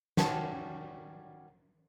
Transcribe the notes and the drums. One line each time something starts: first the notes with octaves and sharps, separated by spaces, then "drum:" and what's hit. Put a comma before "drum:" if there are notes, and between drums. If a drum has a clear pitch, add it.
D#3 G3 C#4 F#4 A5, drum: snare